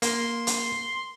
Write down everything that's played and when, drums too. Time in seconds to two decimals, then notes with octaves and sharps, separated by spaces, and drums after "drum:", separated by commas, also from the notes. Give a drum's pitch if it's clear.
0.02 A#3 C6, drum: hi-hat
0.47 drum: hi-hat